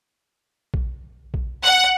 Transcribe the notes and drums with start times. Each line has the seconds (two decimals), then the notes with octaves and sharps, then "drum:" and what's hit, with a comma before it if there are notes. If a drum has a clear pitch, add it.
0.74 drum: kick A#1
1.34 drum: kick A#1
1.64 F#5